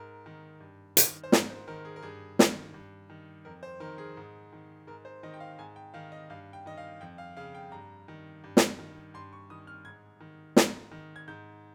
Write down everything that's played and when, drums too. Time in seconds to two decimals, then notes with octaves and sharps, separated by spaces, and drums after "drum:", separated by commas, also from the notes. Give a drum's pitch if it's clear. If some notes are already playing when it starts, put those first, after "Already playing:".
Already playing: G#2 A#4
0.26 D#3
0.60 G2
0.97 D#3, drum: hi-hat
1.24 C5
1.32 G#2 A#4, drum: snare
1.50 C5
1.68 D#3 A#4
1.85 G#4
1.96 A#4
2.02 G2 G#4
2.39 D#3, drum: snare
2.74 G2
3.10 D#3
3.45 F2 A#4
3.63 C5
3.80 D#3 A#4
3.98 G#4
4.17 G#2
4.53 D#3
4.87 G#2 A#4
5.05 C5
5.23 D#3 D#5
5.34 G5
5.40 F5
5.59 G#2 G#5
5.76 G5
5.94 D#3 F5
6.12 D#5
6.30 G2 F5
6.53 G5
6.66 D#3 D#5
6.77 F5
7.01 F2 G5
7.18 F5
7.37 C#3 F5
7.55 G5
7.72 G2 A#5
8.08 D#3
8.44 G2
8.57 drum: snare
8.79 D#3
9.14 G2 C6
9.33 C#6
9.50 D#3 D#6
9.67 F6
9.85 G#2 G#6
10.20 D#3
10.56 G#2, drum: snare
10.91 D#3
11.16 G#6
11.28 G#2 G6